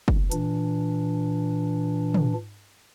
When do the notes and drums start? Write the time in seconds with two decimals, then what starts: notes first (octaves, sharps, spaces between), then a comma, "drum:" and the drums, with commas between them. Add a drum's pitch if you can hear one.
0.08 drum: kick
0.32 A#2 E3 D4, drum: hi-hat
2.14 drum: tom